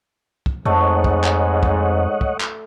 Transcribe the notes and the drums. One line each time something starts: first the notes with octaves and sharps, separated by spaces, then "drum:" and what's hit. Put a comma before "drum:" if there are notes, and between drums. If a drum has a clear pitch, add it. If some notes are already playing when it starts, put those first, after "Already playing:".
drum: kick
F2 G#2 A3 C#5 D#5 F#5
drum: kick
drum: clap
drum: kick
drum: kick
drum: clap